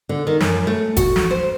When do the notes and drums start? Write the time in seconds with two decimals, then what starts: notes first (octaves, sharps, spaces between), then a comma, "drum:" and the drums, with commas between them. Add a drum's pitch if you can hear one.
0.09 D3
0.27 D#3
0.40 F#2, drum: snare
0.67 A3
0.97 F#4, drum: kick F#1, hi-hat
1.16 drum: snare
1.31 C5